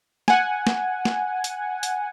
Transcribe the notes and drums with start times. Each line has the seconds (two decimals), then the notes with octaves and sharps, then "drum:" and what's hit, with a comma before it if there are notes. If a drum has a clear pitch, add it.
0.28 F#5 G#5, drum: snare
0.67 drum: snare
1.05 drum: snare
1.44 drum: hi-hat
1.83 drum: hi-hat